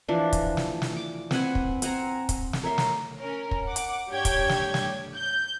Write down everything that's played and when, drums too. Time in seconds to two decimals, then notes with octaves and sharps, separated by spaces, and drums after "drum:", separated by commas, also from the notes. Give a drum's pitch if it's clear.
0.08 E3 F3 D4
0.33 drum: kick, hi-hat
0.57 drum: snare
0.82 drum: snare
0.96 D6
1.31 C4 B4 F#5 G#5, drum: snare
1.55 drum: kick
1.82 C4 F#5 G#5 A#5, drum: hi-hat
2.29 drum: kick, hi-hat
2.53 drum: snare
2.63 A#4 C#5 E5 C6
2.78 drum: snare
3.19 C#4 A#4
3.51 drum: kick
3.67 F#5 D6
3.76 drum: hi-hat
4.10 G2 D4 G4 C#5 G5 G#6
4.25 drum: kick, hi-hat
4.49 drum: snare
4.74 drum: snare
5.16 G6